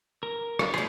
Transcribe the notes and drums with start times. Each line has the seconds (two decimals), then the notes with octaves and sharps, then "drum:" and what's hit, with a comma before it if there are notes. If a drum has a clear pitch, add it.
0.23 A#4
0.59 G3, drum: rim click
0.74 F3 A3 G#4 B4 C6